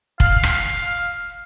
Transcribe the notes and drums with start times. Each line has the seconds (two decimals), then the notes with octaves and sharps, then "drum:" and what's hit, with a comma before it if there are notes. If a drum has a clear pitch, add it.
0.20 F5, drum: kick
0.43 drum: rim click